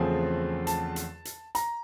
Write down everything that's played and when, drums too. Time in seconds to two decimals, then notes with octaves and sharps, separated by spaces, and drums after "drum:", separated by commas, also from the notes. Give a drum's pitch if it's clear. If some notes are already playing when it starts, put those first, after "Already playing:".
Already playing: E2 C#3 F3 A3 C4 G#5
0.67 A5, drum: hi-hat
0.96 drum: hi-hat
1.25 drum: hi-hat
1.55 A#5, drum: hi-hat